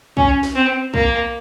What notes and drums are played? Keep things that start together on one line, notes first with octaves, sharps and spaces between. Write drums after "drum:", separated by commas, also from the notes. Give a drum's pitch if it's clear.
C#4, drum: kick
drum: snare
C4
A#3, drum: kick